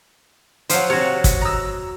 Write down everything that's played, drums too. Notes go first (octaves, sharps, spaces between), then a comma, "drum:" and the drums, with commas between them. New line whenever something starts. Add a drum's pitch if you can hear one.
F3 F#3 C5 F5, drum: hi-hat
C3 F#4 C#5
drum: kick, hi-hat
A#5 E6